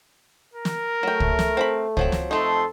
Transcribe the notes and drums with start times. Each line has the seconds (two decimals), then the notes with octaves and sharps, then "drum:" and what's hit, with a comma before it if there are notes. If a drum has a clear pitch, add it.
0.54 A#4
0.65 drum: snare
1.03 F#3 A3 G5
1.20 drum: kick
1.39 drum: snare
1.57 C4 A#5 B5
1.97 F3 F#3 C4, drum: kick
2.12 drum: snare
2.31 F2 A3 D#4 A4 C6